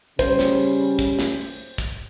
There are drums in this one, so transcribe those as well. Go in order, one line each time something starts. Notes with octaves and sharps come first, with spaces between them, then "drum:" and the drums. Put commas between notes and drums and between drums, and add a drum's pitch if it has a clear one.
C#3 G3 C#4 C5, drum: kick, hi-hat
drum: snare
drum: open hi-hat
drum: kick, hi-hat
drum: snare
drum: open hi-hat
drum: kick, hi-hat